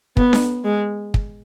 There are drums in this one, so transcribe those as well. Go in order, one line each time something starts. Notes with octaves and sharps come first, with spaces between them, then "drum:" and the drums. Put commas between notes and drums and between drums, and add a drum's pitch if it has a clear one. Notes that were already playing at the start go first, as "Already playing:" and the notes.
B3, drum: kick
drum: snare D4
G#3
drum: kick